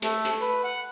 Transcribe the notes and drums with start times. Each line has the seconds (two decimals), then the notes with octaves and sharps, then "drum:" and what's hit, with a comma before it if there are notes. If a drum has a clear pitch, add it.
0.02 A3, drum: hi-hat
0.25 drum: hi-hat
0.41 B4
0.64 F#5